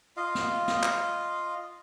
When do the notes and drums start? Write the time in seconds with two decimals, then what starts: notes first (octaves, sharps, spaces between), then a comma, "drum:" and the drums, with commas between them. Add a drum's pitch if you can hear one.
0.17 F4 D#5 F5
0.35 drum: snare
0.68 drum: snare
0.83 drum: clap